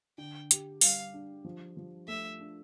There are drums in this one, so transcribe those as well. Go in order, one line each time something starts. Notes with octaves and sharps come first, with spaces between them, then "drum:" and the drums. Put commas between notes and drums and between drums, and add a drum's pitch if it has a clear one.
D3 G5
G4, drum: hi-hat
G3 F5, drum: open hi-hat
D4
F3
F3
A3 E5
D4